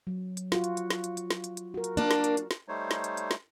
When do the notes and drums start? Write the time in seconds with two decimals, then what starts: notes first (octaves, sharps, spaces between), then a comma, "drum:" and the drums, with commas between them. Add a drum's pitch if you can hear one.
0.07 F#3
0.37 drum: hi-hat
0.52 F4 F#4, drum: snare
0.64 drum: hi-hat
0.77 drum: hi-hat
0.90 drum: snare
1.04 drum: hi-hat
1.17 drum: hi-hat
1.31 drum: snare
1.44 drum: hi-hat
1.57 drum: hi-hat
1.74 F#4 A#4
1.84 drum: hi-hat
1.97 A#3 D4, drum: hi-hat
2.11 drum: snare
2.24 drum: hi-hat
2.37 drum: hi-hat
2.51 drum: snare
2.68 G3 A3 D#4 C5 C#5
2.91 drum: snare
3.04 drum: hi-hat
3.17 drum: hi-hat
3.31 drum: snare